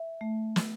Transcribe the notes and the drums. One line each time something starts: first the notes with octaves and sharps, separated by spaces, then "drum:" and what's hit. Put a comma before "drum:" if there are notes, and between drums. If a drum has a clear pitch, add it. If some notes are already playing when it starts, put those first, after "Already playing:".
Already playing: E5
A3
drum: snare